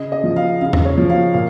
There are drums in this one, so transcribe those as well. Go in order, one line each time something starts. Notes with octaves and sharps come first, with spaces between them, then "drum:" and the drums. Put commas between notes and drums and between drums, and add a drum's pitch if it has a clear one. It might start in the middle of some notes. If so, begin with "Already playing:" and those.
Already playing: C#3 D#5
D#5
F3
F5
C#3 F5
drum: tom
C#5
F3
F5
A#2 F5